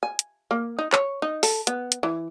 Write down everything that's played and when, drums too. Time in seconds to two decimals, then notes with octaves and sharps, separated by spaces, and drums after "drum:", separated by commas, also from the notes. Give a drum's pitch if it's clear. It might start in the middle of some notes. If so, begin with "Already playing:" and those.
0.03 G#5
0.19 drum: hi-hat
0.51 A#3
0.79 D#4
0.93 C#5, drum: clap
1.22 D#4
1.43 A4, drum: open hi-hat
1.67 B3, drum: hi-hat
1.92 drum: hi-hat
2.03 E3